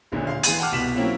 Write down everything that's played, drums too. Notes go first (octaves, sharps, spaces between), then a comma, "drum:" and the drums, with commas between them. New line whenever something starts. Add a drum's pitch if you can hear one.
D#1 A#1 A#2 D3
F5 C6
E3 G#4 C6 A6 D#7, drum: hi-hat
F#5 G5 A5 C6 D6 F6
C2 B2 B6 E7 F#7
F#3 A#3 C4 C#4 E4 F4